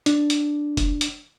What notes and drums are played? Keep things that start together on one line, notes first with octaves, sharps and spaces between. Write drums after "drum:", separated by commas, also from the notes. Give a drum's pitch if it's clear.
D4, drum: hi-hat
drum: hi-hat
drum: kick F1, hi-hat
drum: hi-hat